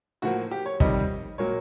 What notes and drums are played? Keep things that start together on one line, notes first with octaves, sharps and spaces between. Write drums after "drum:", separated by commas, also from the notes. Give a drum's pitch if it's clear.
A2 F3 A#3 F#4
G4
C#5
F2 C3 D#3 G3 D#5, drum: kick
A#2 F#3 A#3 C#5